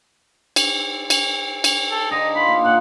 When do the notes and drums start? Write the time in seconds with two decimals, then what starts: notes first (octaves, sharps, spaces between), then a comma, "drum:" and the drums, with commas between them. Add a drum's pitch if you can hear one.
0.56 drum: cymbal
1.10 drum: cymbal
1.64 drum: cymbal
1.91 A4
2.11 D3 D#4 D#5
2.36 F4 B5
2.48 A#3
2.65 A#2 F#5